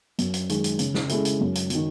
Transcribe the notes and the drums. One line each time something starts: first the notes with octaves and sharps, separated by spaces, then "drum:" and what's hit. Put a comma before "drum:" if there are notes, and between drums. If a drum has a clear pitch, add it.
F#2, drum: hi-hat
drum: hi-hat
D#3 G#3, drum: hi-hat
drum: hi-hat
C#3, drum: hi-hat
drum: snare
G#3 C#4 E4 A4, drum: hi-hat
drum: hi-hat
F#2
drum: hi-hat
D#3 F#3, drum: hi-hat